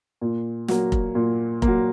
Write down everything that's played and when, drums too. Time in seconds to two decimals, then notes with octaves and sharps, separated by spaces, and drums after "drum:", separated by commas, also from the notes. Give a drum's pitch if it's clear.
0.22 A#2
0.68 F#3 A#3, drum: snare
0.92 drum: kick F1
1.15 A#2
1.62 A#3, drum: kick F1
1.68 F#3